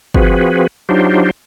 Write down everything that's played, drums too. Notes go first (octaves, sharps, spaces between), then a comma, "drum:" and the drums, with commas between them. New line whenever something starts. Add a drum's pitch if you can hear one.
F3 C4 F#4 G#4 B4, drum: kick G1
F#3 D4 D#4 F4 G4 C5